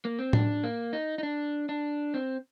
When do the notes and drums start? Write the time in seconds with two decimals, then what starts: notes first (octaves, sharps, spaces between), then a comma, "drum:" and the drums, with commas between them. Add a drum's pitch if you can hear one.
0.05 A#3
0.19 C4
0.33 D4, drum: tom A2
0.64 A#3
0.93 D#4
1.18 D#4
1.23 D4
1.69 D4
2.14 C4